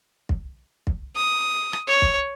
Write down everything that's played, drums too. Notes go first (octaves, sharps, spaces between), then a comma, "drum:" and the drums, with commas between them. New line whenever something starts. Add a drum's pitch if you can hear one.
drum: kick
drum: kick
D#6
drum: rim click
C#5
drum: kick